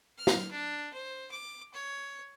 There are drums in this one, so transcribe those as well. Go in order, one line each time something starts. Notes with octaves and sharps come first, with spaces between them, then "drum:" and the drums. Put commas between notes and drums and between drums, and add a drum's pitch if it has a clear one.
F6
drum: snare
D4
C5
D6
C#5